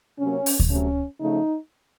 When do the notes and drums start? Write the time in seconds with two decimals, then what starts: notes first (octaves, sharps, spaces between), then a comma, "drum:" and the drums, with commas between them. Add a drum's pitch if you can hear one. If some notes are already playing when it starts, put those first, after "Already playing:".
0.19 C3 F#3 A#3 C#4
0.46 drum: open hi-hat
0.60 drum: kick D2
0.70 C3 F#3 A3 C#4
1.20 C#3 F3 A3 D#4